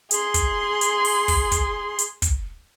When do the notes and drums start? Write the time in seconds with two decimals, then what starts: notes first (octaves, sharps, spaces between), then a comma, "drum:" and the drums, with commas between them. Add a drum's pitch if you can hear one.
0.11 G#4 C6, drum: hi-hat
0.34 drum: kick, hi-hat
0.81 drum: hi-hat
1.05 drum: open hi-hat
1.28 drum: kick, open hi-hat
1.52 drum: kick, hi-hat
1.99 drum: hi-hat
2.22 drum: kick, hi-hat